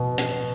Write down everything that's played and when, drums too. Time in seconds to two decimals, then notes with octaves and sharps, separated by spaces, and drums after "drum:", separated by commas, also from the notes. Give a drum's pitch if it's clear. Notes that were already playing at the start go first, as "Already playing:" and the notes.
Already playing: B2
0.18 drum: hi-hat